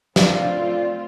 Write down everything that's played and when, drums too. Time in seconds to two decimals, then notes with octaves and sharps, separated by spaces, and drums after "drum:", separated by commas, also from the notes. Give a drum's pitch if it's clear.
0.16 A3 C4 F4 D5, drum: snare